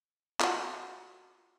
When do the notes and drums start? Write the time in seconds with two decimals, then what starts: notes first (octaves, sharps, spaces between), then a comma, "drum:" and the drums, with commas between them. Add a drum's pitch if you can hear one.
0.40 F4 F#4, drum: clap